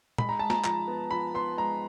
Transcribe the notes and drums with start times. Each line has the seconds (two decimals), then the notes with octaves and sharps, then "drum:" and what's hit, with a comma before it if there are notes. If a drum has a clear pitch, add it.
0.18 G#3 B5, drum: tom A#2
0.29 A#5
0.39 G#3 A5
0.50 A#5, drum: snare
0.65 F3 A#5, drum: clap
0.87 B3
1.11 F3 B5
1.34 B3 C6
1.57 G#3 A#5